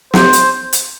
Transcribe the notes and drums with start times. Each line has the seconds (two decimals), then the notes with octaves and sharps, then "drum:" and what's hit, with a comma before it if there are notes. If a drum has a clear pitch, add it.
0.14 C5, drum: snare
0.33 drum: hi-hat
0.73 drum: hi-hat